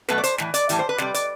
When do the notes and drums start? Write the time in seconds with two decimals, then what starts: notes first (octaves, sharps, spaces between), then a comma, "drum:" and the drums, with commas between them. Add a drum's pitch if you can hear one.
0.08 B2 F#3 A3 B4, drum: snare
0.18 D5
0.24 C5, drum: hi-hat
0.38 A2 E3, drum: snare
0.54 D5, drum: hi-hat
0.69 A2 E3 G3, drum: hi-hat
0.79 C5
0.89 B4
0.98 C3 G3 D5, drum: snare
1.14 D5, drum: hi-hat